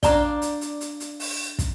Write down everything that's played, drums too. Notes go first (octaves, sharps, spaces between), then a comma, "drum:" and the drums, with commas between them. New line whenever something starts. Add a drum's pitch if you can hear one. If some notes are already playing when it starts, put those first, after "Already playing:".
D4 D5 F5 G5 A#5 D6, drum: kick, hi-hat
drum: hi-hat
drum: hi-hat
drum: hi-hat
drum: hi-hat
drum: open hi-hat
drum: kick, hi-hat